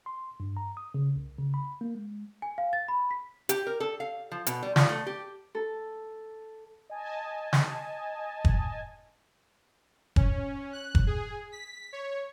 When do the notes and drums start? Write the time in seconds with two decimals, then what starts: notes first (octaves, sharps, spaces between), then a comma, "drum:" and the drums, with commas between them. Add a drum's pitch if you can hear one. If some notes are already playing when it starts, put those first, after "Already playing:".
0.06 C6
0.40 G2
0.57 A#5
0.77 D#6
0.94 C#3
1.16 C2
1.39 C#3
1.54 B5
1.81 A#3
1.95 G#3
2.42 G#5
2.58 F5
2.73 A6
2.88 B5
3.11 B6
3.49 G4, drum: hi-hat
3.67 A#4
3.80 A4
4.00 F5
4.32 F3
4.47 B2, drum: hi-hat
4.63 G3
4.76 F3, drum: snare
4.89 A3
5.06 G4
5.55 A4
6.90 D#5 G#5 A5
7.53 drum: snare
8.45 drum: kick
10.16 C#4, drum: kick
10.73 F#6
10.95 drum: kick
11.07 G#4
11.52 B6
11.93 C#5